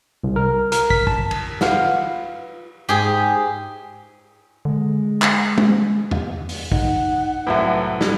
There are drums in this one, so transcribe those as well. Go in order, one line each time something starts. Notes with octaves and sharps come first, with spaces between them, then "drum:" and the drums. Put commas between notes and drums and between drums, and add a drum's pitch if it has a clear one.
C2
A#4
A#4, drum: hi-hat
B6, drum: kick
A5, drum: kick
drum: cymbal
F4 B4 F#5, drum: snare
G#2 G4 G#4
D3 G#3
drum: clap
drum: tom
drum: tom E2
drum: open hi-hat
D#4 F#5, drum: kick
C2 F#2 A2 B4 E5
G3 G#6, drum: snare